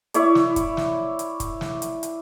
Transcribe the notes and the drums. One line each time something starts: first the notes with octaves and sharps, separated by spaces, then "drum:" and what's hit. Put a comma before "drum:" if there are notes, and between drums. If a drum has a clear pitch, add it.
E4 C#5 D5, drum: hi-hat
drum: snare
drum: kick, hi-hat
drum: snare
drum: hi-hat
drum: kick, hi-hat
drum: snare
drum: hi-hat
drum: hi-hat